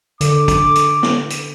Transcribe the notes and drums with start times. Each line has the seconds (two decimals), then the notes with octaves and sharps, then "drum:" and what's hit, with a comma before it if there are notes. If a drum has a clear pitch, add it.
0.21 D3 D6, drum: hi-hat
0.48 drum: kick, hi-hat
0.76 drum: hi-hat
1.03 drum: snare
1.30 drum: hi-hat